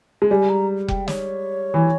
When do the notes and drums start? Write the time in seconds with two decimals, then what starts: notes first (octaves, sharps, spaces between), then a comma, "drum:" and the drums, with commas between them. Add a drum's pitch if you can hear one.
0.22 G#3
0.30 G3 G#5
0.49 A#5
0.88 G5, drum: kick F1
1.08 C#5, drum: snare
1.74 E3